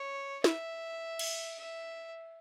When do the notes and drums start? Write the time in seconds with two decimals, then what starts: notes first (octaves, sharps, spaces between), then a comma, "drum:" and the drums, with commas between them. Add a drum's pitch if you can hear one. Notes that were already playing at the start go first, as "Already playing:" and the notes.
Already playing: C#5
0.44 E5, drum: snare
1.19 drum: cymbal
1.58 E5